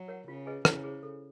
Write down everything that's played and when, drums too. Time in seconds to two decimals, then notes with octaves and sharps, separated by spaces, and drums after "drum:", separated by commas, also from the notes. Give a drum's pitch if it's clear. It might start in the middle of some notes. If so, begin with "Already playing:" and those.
Already playing: F#3
0.08 A#4 C#5 F#5
0.28 C#3 F4
0.46 G#4 B4 D#5 G#5
0.65 C#3 E4, drum: rim click
0.84 G#4 C5
1.03 A4